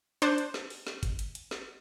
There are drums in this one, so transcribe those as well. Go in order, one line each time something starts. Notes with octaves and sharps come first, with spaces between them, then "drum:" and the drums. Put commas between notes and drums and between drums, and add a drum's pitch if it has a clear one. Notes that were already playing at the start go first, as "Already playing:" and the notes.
D4 C5 A5 D6 F#6 G6, drum: hi-hat
drum: hi-hat
drum: snare
drum: open hi-hat
drum: snare
drum: kick G1, hi-hat
drum: hi-hat
drum: hi-hat
drum: snare